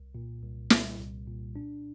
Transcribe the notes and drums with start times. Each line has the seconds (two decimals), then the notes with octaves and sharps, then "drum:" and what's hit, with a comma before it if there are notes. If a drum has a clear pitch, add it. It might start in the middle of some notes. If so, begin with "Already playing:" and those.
Already playing: C2
0.15 A#2
0.42 C2
0.70 G3, drum: snare
0.99 C2
1.27 A#2
1.56 D4